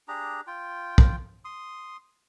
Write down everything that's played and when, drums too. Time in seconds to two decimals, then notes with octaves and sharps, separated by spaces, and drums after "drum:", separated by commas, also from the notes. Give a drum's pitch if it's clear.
0.08 D4 G4 G#4 A#5
0.47 F4 G5
0.98 drum: kick
1.45 C6 D#6